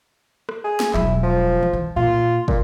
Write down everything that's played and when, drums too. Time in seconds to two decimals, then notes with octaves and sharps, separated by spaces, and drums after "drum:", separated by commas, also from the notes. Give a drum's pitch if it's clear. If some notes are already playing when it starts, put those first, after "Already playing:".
0.49 drum: rim click
0.64 G#4
0.80 drum: snare
0.94 E1 F#3 E4, drum: clap
1.23 F3
1.63 drum: tom D#3
1.73 E3
1.96 A#2 F4
2.48 A#2, drum: kick